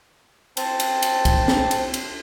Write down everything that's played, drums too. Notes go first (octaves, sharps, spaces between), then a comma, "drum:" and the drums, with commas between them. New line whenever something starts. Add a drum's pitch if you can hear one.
C4 A5, drum: cymbal
drum: cymbal
drum: cymbal
drum: kick, cymbal
drum: snare
drum: cymbal
drum: cymbal